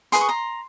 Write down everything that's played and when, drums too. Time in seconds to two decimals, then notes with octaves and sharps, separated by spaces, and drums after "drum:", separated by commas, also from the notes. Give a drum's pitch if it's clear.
0.12 G#4 B4 D#5 C6, drum: hi-hat
0.21 C#6
0.29 A#5 C6